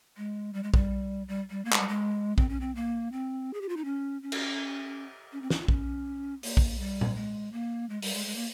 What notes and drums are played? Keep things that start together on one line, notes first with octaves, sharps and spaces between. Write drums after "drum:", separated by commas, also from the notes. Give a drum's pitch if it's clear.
G#3
G3
G#3
G3, drum: kick A#1
G3
G3
A#3
G#3, drum: clap
G3
G#3
C4, drum: kick A#1
C#4
C4
A#3
C4
G#4
G4
F4
D#4
C#4
C#4
drum: cymbal
C#4
C4
C#4, drum: snare
F4
C#4, drum: kick A#1
A#3, drum: open hi-hat
drum: kick A#1
G3
drum: tom A#2
G#3
A#3
G#3
G3, drum: open hi-hat
G#3
G#3
A#3